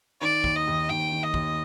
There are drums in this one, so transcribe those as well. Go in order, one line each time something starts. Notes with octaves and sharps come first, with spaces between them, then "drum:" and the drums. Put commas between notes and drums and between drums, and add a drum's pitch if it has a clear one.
D#3 D5
D#2, drum: kick
D#5
D#2
D#2 G5
D#3
D#5
D#2, drum: kick